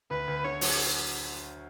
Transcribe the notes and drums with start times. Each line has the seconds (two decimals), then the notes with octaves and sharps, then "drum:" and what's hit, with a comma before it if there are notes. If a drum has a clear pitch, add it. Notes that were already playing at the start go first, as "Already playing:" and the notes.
0.11 D2 B4
0.28 D2
0.44 D3 C#5
0.61 F#3, drum: open hi-hat